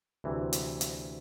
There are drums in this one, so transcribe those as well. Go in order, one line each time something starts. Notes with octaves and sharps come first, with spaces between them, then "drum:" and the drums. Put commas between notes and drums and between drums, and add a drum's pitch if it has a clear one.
D2 C3 E3
drum: hi-hat
drum: hi-hat